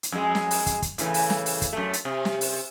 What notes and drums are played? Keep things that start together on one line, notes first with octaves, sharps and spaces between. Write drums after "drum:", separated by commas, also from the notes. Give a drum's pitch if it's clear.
drum: hi-hat
F2 G#3
drum: snare
drum: open hi-hat
drum: kick, hi-hat
drum: kick, hi-hat
A2 C#3 E3, drum: hi-hat
drum: open hi-hat
drum: snare
drum: open hi-hat
drum: kick, hi-hat
F#2 A3
drum: hi-hat
C3
drum: snare
drum: open hi-hat